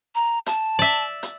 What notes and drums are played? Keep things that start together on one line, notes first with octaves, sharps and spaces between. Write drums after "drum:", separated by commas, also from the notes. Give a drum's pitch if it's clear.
A#5
A5, drum: hi-hat
D5 E5
drum: hi-hat